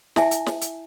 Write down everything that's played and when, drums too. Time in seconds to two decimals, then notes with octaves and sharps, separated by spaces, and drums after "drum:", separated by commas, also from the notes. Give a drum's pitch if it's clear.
0.16 E4 E5 G#5 A5, drum: snare
0.31 drum: hi-hat
0.46 drum: snare
0.62 drum: hi-hat